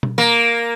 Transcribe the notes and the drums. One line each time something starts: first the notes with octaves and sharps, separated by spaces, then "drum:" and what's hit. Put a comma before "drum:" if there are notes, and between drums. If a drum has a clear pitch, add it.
drum: tom B2
A#3